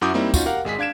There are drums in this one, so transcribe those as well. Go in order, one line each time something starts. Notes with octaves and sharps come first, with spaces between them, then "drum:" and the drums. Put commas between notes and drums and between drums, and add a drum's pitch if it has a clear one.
F#2 E4 F#4 D6 D#6 G6
G3 A#3 C4 D#4 E4
C#4 D#4 F4 F#4, drum: kick, tambourine
G4 A#4 F5 F#5
G#1 G#3 G#4 B6
D4 F5 G#6 D7 E7